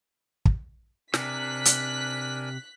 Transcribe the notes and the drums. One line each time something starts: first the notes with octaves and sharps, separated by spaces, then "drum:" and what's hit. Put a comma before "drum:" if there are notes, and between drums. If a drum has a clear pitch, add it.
drum: kick
C3 D4 A#4 G#5 F#6 B6, drum: snare
drum: hi-hat